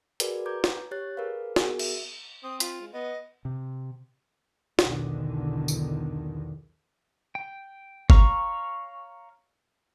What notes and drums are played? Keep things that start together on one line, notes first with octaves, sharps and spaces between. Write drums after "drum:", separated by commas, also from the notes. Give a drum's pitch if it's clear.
F#4 G#4 A#4 B4 D5, drum: hi-hat
B4 A#5 D6 G6 G#6
drum: snare
G4 C#5 F#6 A6
G#4 A#4 B4 F5
B3 F#4 G#4 A#4, drum: snare
E5, drum: cymbal
C4 D#6
F4, drum: hi-hat
G#3
B3 D#5
C3
B1 E2 D3 D#3, drum: snare
drum: tambourine
G5
C#5 F5 A#5 C#6, drum: kick G1